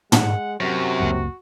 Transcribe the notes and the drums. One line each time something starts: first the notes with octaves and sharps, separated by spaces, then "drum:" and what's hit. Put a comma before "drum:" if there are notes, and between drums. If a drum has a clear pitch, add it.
G#3 F#5, drum: tom
F#2 C3 F#4
F#1 C#2 A#3